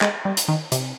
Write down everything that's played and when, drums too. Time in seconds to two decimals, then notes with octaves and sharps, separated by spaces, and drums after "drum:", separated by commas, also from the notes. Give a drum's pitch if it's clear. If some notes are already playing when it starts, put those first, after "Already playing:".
0.01 G#3, drum: clap
0.25 G3
0.37 drum: hi-hat
0.48 D#3
0.72 C3, drum: hi-hat